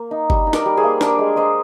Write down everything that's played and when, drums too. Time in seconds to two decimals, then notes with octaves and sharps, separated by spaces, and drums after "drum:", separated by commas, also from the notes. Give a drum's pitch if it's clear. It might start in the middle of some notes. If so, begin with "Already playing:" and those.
Already playing: A#3
0.11 D#4
0.30 G3, drum: kick G1
0.47 D#4
0.53 A#4 D5, drum: snare
0.66 G3
0.77 G#4 C5
0.84 A#3
1.01 D4 A#4 D5, drum: snare
1.19 G#3
1.36 G#3 C5 D#5